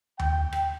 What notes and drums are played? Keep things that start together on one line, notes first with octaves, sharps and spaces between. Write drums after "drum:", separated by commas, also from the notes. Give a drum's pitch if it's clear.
G5, drum: tom D#2
drum: rim click